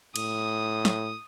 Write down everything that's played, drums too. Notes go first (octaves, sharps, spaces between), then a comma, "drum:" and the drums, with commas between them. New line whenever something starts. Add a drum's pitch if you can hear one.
A2 D#6, drum: cymbal
drum: snare